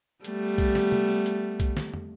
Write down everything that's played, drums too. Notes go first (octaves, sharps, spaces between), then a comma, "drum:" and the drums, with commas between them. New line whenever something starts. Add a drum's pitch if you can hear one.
G3 A3 B3, drum: hi-hat
drum: kick, hi-hat
drum: snare
drum: tom
drum: hi-hat
drum: kick, hi-hat
drum: snare
drum: tom